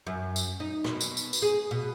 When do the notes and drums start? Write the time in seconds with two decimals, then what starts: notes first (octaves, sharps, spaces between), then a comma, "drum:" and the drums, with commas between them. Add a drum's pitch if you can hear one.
0.07 F#2
0.36 drum: tambourine
0.60 D#4
0.84 B2, drum: rim click
1.01 drum: tambourine
1.17 drum: tambourine
1.33 drum: tambourine
1.42 G#4
1.71 B2